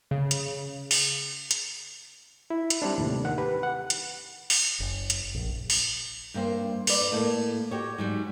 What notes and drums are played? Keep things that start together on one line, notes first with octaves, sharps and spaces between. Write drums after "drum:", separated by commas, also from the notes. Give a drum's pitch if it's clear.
C#3
drum: hi-hat
drum: open hi-hat
drum: hi-hat
E4
drum: hi-hat
G3 C4 D4
D#2 A2 C3
D#3 F#5
G4 B4
F#5
drum: hi-hat
drum: open hi-hat
F#1
drum: hi-hat
A#1
drum: open hi-hat
G2 A#3 C4
B4 D5, drum: open hi-hat
A2 A3 A#3
F#4 G4 C#5
G#2 F#3 G3